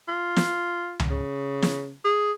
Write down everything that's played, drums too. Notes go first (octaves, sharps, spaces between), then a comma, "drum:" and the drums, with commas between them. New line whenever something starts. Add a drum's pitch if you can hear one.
F4
drum: snare
drum: tom C#2
C#3
drum: snare
G#4